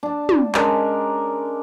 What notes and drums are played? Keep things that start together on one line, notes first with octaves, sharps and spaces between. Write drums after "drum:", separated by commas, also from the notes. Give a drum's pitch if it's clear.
D4 A5
drum: tom
G#3 C#4 D4 A#4, drum: clap